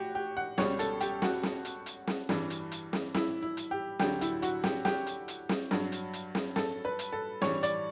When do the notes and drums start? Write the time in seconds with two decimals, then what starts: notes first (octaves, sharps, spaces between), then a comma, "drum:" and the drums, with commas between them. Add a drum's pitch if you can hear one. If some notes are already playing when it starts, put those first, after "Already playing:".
Already playing: A2 F#4 G4
0.15 G4
0.37 F#5
0.58 C#2 B2 G3 C#5, drum: snare
0.79 A4, drum: hi-hat
1.01 G4, drum: hi-hat
1.22 F#4, drum: snare
1.43 drum: snare
1.65 drum: hi-hat
1.86 drum: hi-hat
2.07 drum: snare
2.29 G2 E3 G3, drum: snare
2.50 drum: hi-hat
2.72 drum: hi-hat
2.93 drum: snare
3.14 E4, drum: snare
3.42 E4
3.57 drum: hi-hat
3.71 G4
3.99 D2 D3 F#3 G4, drum: snare
4.21 E4, drum: hi-hat
4.42 F#4, drum: hi-hat
4.64 G4, drum: snare
4.85 G4, drum: snare
5.07 drum: hi-hat
5.28 drum: hi-hat
5.49 drum: snare
5.71 G2 F#3, drum: snare
5.92 drum: hi-hat
6.13 drum: hi-hat
6.35 drum: snare
6.56 A4, drum: snare
6.85 B4
6.99 drum: hi-hat
7.12 A4
7.41 G2 E3 G3 C#5, drum: snare
7.63 D5, drum: hi-hat